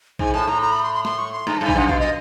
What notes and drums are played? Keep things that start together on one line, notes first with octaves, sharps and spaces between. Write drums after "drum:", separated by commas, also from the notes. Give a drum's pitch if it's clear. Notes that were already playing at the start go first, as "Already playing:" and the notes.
G#2 G#5, drum: kick
A2 A5
A2 A#5
A#5
B5
C6
C6
C6, drum: snare
C#6
C6
G2 A#5, drum: snare
G2 A5
G#5, drum: kick
F#2 F#5
B2 F5, drum: kick
D#5